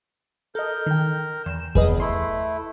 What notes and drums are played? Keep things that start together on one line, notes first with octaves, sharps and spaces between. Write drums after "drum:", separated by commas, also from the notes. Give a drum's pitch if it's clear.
A4 A#4 D#5 G6
D#3 G5
E2 E7
E2 G#4 B4 D#5, drum: kick E2
A3 E4 C6